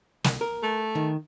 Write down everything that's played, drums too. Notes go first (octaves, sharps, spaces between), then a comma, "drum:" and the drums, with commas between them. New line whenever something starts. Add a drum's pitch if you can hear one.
C2, drum: snare
A#4
A3
D#3